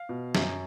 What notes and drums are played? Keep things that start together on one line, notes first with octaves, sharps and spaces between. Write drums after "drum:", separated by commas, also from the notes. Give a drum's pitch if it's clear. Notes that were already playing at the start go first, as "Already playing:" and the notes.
Already playing: F5
B2
F#2, drum: snare